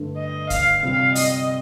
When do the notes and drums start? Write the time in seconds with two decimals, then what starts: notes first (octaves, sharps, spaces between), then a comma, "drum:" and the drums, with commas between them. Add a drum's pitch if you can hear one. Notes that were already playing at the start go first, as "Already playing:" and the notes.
Already playing: G2 D3 A3
0.17 D#5
0.50 F5, drum: kick, hi-hat
0.83 C3 G3 C4 F4 F5
1.15 D#5, drum: open hi-hat